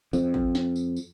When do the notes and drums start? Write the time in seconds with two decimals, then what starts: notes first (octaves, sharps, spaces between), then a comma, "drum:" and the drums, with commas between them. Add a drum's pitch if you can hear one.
0.13 F2, drum: tambourine
0.34 drum: kick
0.55 drum: snare
0.76 drum: tambourine
0.96 drum: tambourine